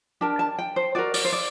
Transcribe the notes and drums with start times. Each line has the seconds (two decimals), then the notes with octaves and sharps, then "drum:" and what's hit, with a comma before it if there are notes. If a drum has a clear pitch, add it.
0.21 D4 G4 A#4 A5
0.39 A5
0.59 G5
0.76 C5
0.95 F#4 A#4 D5
1.14 D5, drum: open hi-hat
1.25 C5
1.33 D5